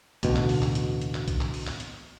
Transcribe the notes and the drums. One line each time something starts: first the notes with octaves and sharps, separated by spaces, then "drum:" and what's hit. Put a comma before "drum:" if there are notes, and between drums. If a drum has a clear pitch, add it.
A1 D2 B2, drum: kick B1, hi-hat
drum: clap
drum: open hi-hat
drum: clap
drum: hi-hat
drum: hi-hat
drum: clap
drum: kick B1, hi-hat
drum: clap
drum: open hi-hat
drum: clap
drum: hi-hat